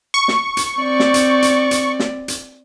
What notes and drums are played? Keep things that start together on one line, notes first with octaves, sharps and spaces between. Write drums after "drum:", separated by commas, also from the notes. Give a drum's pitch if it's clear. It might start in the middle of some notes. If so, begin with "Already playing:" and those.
C#6
drum: snare
drum: hi-hat
C4 D5
drum: snare
drum: hi-hat
drum: hi-hat
drum: hi-hat
drum: snare
drum: hi-hat